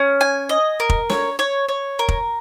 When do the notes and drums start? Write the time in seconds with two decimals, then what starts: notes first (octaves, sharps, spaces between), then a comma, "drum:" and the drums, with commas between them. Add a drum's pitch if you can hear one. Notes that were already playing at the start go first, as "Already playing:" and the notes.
Already playing: C#4
0.21 G#5
0.49 D#5
0.80 A#4
0.89 drum: kick F1
1.10 C#5, drum: snare
1.39 C#5
1.69 C#5
1.99 A#4
2.08 drum: kick F1